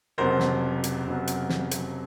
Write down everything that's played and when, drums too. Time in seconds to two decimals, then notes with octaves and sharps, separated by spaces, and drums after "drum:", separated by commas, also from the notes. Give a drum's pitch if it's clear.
0.18 F1 F2 C#3 F#3 B3 A#4 C5
0.40 drum: snare
0.84 drum: hi-hat
1.05 F1 F2 C#3 F#3 B3
1.27 drum: hi-hat
1.49 drum: snare
1.71 drum: hi-hat